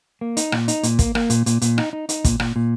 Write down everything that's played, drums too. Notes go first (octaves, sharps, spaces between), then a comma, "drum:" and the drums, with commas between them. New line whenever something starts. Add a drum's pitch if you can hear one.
A#3
D#4, drum: hi-hat
A#2, drum: rim click
D#4, drum: hi-hat
A#2, drum: hi-hat
A#3, drum: kick, hi-hat
A#3, drum: rim click
A#2, drum: hi-hat
A#2, drum: hi-hat
A#2, drum: hi-hat
D#4, drum: rim click
D#4
D#4, drum: hi-hat
A#2, drum: kick, hi-hat
A#2, drum: rim click
A#2